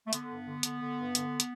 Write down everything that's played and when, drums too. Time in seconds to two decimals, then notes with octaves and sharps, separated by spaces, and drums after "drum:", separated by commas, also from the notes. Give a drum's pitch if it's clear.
0.07 A3
0.13 D3 B3, drum: hi-hat
0.30 G2
0.47 D3
0.63 D3, drum: hi-hat
0.81 D3
0.98 G2
1.15 D3, drum: hi-hat
1.40 drum: hi-hat